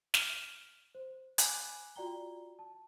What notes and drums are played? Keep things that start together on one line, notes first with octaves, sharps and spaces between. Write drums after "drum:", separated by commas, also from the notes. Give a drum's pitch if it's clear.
F6, drum: snare
C5
G#5 B5 D6 F#6 G6, drum: hi-hat
F4 F#4 D5 G5 A#5 G7
A5